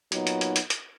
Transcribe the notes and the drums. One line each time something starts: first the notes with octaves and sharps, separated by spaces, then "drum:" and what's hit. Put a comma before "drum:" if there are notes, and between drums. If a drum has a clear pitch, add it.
A#2 F#3 B3 D#4, drum: hi-hat
drum: hi-hat
drum: hi-hat
drum: hi-hat
drum: hi-hat